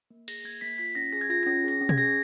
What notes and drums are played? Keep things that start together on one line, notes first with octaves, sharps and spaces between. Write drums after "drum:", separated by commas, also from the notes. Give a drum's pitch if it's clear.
A#3
G#4 A#6, drum: cymbal
A#3 G#6
A#3 B6
F4 B6
C#4 A#6
G#4 A#6
G#6
F4 A#6
C#4 A#6
G#4 A#6
C#4
G#6, drum: tom B2
G#4 A#6